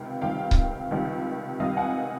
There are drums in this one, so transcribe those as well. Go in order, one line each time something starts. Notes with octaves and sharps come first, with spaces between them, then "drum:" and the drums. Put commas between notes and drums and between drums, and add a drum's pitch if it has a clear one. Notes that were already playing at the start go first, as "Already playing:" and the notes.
Already playing: C#2 C3 D#3 F5 G5
C#2 C3 D#3 G3 F5 G5
drum: kick C#1
C#2 C3 D#3 G3
C#2 C3 D#3 G3 D#5 F5
F#5 G#5